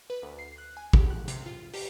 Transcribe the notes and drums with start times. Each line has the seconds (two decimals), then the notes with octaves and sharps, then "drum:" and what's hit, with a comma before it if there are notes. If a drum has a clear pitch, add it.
0.10 B4
0.22 D2
0.39 C7
0.58 F#6
0.77 G#5
0.93 G4, drum: kick
1.10 F#6
1.28 C3, drum: hi-hat
1.46 F4
1.74 G4, drum: open hi-hat